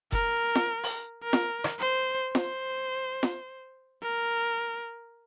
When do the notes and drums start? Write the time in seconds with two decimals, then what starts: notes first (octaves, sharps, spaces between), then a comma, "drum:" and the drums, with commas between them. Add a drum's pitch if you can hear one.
0.12 A#4, drum: kick F#1
0.55 drum: snare F4
0.83 drum: open hi-hat
1.24 A#4
1.33 drum: snare F4
1.64 drum: rim click
1.79 C5
2.35 C5, drum: snare F4
3.23 drum: snare F4
4.02 A#4